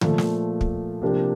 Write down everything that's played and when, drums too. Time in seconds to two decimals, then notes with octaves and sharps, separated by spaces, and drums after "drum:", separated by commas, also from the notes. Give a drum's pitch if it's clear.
0.01 A#2 F3 A3, drum: tom D3
0.18 drum: snare
0.61 drum: kick
1.02 C3 F3 A#3 D4 G4